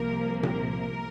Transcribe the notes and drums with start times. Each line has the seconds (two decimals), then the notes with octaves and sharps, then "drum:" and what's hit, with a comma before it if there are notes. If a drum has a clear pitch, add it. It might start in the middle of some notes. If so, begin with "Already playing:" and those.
Already playing: C2 C3 F3 A#3 A#4
0.43 A#4, drum: tom A#2